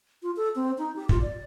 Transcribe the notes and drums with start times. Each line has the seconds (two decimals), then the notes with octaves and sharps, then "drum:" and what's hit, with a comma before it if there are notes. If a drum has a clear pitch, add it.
0.23 F4
0.37 A4
0.56 C4
0.78 D#4
0.96 G4
1.09 F4, drum: kick
1.22 D5